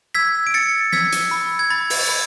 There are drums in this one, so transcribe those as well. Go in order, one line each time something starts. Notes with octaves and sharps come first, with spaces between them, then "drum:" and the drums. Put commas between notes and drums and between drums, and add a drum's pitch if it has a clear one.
E6 G#6 B6
D7
E6 A6 C#7
E6 G#6 B6, drum: snare
drum: hi-hat
B5
G#6
B5 A6
drum: open hi-hat
B5